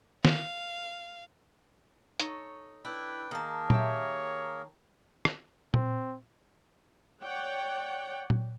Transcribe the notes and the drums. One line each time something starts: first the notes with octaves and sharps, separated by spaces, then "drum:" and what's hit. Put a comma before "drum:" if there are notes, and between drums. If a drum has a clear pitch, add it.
F5, drum: snare
D#4 A4 C#5, drum: hi-hat
D4 E4 B4 G5
D#3 A#3 G#4 A#4 A5
G4 C#5 E5, drum: tom A#2
drum: rim click
C4, drum: tom A#2
C#5 D5 F#5 G5
drum: tom A#2